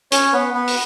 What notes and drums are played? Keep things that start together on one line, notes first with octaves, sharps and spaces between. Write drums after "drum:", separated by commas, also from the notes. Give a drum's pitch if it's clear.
C#4 C#5, drum: hi-hat
B3 B4
B3 B4
drum: open hi-hat